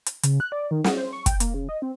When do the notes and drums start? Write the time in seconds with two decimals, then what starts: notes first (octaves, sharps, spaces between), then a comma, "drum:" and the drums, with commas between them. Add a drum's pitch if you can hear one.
0.06 drum: hi-hat
0.23 C#3, drum: hi-hat
0.40 F#6
0.52 D5
0.71 D#3
0.84 F#4, drum: snare
0.97 C5
1.13 C#6
1.26 G5, drum: kick, hi-hat
1.40 A#3, drum: hi-hat
1.54 C#3
1.69 D#5
1.82 C4